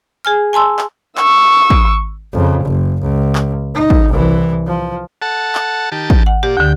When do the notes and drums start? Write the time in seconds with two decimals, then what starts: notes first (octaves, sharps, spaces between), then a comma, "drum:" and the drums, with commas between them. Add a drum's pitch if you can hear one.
0.25 G#4 G#5 F6
0.53 G#5 A5 C6 E6
0.79 drum: clap
1.17 C#6 E6, drum: clap
1.70 drum: kick
2.33 F2 C#3
2.63 F#1
3.02 C#2
3.35 drum: clap
3.74 D#4
3.90 drum: kick
4.08 C2 E3
4.66 F3
5.22 A4 F#5 A5
5.55 drum: clap
5.92 D#3 G4 A5
6.10 drum: kick
6.26 F#5
6.43 A#2 G4 D5
6.57 D2 D3 G5